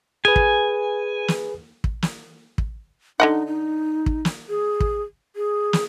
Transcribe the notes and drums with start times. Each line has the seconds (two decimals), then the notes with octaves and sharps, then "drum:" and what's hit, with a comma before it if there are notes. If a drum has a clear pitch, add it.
0.25 G#4 B4 G#5
0.36 drum: kick
1.28 drum: snare
1.84 drum: kick
2.02 drum: snare
2.58 drum: kick
3.20 D3 D#4 D#5 F#5
3.47 D#4
4.06 drum: kick
4.25 drum: snare
4.49 G#4
4.80 drum: kick
5.36 G#4
5.73 drum: snare